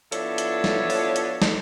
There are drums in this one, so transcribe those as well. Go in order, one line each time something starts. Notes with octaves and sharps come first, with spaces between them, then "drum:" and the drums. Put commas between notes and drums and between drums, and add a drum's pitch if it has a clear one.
F3 B3 D4 E4 A4 C#5, drum: hi-hat
drum: hi-hat
drum: snare
drum: open hi-hat
drum: hi-hat
drum: snare